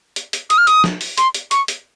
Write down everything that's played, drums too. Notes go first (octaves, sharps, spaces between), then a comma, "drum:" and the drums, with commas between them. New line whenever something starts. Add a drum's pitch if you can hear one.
drum: hi-hat
drum: hi-hat
D#6, drum: hi-hat
F6
D#6, drum: hi-hat
drum: snare
drum: open hi-hat
C6, drum: hi-hat
drum: hi-hat
C#6, drum: hi-hat
drum: hi-hat